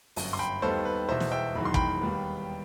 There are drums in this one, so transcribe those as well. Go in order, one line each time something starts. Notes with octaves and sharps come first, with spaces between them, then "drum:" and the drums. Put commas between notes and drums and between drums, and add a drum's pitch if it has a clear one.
G1 F#2 F#3, drum: open hi-hat
C6
G5 B5
D#2 D#3 G3 B3 D#4 A4 C5
B4
E1 E2 B2 C5 E5
drum: snare
E5 G5
E1 E2 D#3 F#3 B5
C6
G5 B5, drum: kick
D#2 D#3 G3 B3